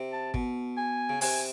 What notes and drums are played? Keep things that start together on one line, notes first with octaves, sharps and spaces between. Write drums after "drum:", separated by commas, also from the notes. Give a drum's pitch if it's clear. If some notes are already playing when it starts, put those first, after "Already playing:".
Already playing: C3
A5
B2, drum: kick
G#5
C#3
C3 G#5, drum: open hi-hat